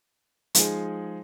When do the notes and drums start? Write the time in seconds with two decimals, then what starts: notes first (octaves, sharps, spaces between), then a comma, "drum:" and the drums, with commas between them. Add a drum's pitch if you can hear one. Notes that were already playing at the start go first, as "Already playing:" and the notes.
0.55 F3 G#3 D#4 G#4, drum: hi-hat